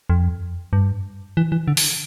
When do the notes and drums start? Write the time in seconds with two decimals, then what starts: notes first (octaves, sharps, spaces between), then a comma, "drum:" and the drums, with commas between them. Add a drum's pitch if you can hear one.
0.10 F2
0.73 G2
1.37 E3
1.52 E3
1.68 D3
1.77 drum: open hi-hat